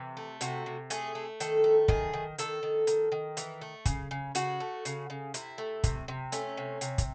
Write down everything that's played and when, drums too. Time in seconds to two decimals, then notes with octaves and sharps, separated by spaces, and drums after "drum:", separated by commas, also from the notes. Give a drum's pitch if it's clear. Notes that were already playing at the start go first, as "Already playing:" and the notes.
Already playing: C3 E3
0.17 A3
0.41 C3 F#4, drum: hi-hat
0.66 C3
0.90 A3 G#4, drum: hi-hat
1.15 A3
1.40 D#3 A4, drum: hi-hat
1.64 A3
1.88 D#3 G#4, drum: kick
2.13 D#3
2.38 D#3 A4, drum: hi-hat
2.63 D#3
2.87 D#3, drum: hi-hat
3.12 D#3
3.37 E3, drum: hi-hat
3.61 A3
3.86 C#3, drum: kick, hi-hat
4.11 C#3
4.35 C#3 F#4, drum: hi-hat
4.60 A3
4.85 C#3, drum: hi-hat
5.10 C#3
5.34 C3 E4, drum: hi-hat
5.58 A3
5.84 C3, drum: kick, hi-hat
6.08 C3
6.32 A3 C#4, drum: hi-hat
6.57 C3
6.81 C3, drum: hi-hat
6.98 drum: kick, hi-hat